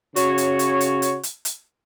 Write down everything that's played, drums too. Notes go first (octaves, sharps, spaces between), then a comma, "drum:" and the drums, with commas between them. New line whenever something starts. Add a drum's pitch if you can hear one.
C#3 F#4 C#5, drum: hi-hat
drum: hi-hat
drum: hi-hat
drum: hi-hat
drum: hi-hat
drum: hi-hat
drum: hi-hat